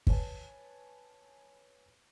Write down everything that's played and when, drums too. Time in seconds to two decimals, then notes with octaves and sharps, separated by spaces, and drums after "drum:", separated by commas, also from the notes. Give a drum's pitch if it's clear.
0.07 B4 C#5 G#5 A5, drum: kick